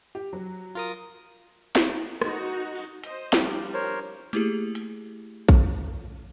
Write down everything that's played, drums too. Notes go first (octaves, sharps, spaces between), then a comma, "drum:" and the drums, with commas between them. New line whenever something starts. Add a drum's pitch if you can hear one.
G4
F#3
F4 A#4 D#6
drum: snare
D#4 F#4, drum: rim click
drum: open hi-hat
C5 D#5, drum: hi-hat
F3 G3 D4, drum: snare
A#4 C5 C#5
A3 A#3 E4 G4 G#4, drum: hi-hat
drum: hi-hat
drum: kick A#1